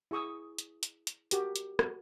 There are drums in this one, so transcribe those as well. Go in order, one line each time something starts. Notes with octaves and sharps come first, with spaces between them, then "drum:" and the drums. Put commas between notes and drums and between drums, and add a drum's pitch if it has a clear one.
E4 G#4 C#6 D#6 E6
drum: hi-hat
drum: hi-hat
drum: hi-hat
F#4 G4 A#4, drum: hi-hat
drum: hi-hat
F#4, drum: rim click